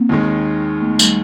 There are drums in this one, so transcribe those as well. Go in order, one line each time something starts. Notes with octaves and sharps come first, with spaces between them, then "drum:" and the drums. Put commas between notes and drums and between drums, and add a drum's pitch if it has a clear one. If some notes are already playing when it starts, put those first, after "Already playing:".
Already playing: A#3 C4
D#2 D#3 G#3
A3 B3
G3 A3, drum: tambourine